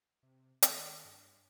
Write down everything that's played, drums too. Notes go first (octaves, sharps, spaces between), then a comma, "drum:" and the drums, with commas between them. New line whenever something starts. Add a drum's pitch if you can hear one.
C3
D#3, drum: hi-hat
G2